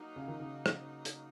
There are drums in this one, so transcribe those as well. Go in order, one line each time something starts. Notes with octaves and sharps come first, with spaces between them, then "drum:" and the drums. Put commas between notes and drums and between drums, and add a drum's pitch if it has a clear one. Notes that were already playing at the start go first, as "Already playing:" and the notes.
Already playing: F#3 A#3 D#4
C#3
D#3
C#3
drum: rim click
drum: hi-hat